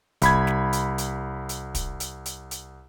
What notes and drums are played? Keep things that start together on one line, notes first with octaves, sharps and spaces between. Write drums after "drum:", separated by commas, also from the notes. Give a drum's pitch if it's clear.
C2 B5 G#6, drum: kick, hi-hat
drum: snare
drum: hi-hat
drum: hi-hat
drum: hi-hat
drum: kick, hi-hat
drum: hi-hat
drum: hi-hat
drum: hi-hat